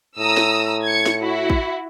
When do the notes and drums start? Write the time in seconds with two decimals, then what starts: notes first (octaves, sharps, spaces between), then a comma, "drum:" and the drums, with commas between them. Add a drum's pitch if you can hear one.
0.18 A2 A#5 D#6 E6
0.37 drum: snare
0.84 G#6 C#7
1.06 drum: snare
1.22 E4 F#4
1.50 drum: kick